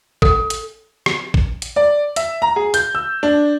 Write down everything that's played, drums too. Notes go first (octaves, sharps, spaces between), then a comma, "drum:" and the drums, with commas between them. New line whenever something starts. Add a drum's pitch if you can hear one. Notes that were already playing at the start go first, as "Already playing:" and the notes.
A4, drum: kick
drum: hi-hat
drum: rim click
drum: kick
drum: hi-hat
D5
E5, drum: hi-hat
A#5
G#4
G6, drum: hi-hat
E6
D4